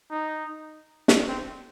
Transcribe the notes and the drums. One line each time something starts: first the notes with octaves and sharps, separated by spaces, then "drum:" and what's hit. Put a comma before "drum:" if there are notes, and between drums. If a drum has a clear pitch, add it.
D#4
drum: snare
C4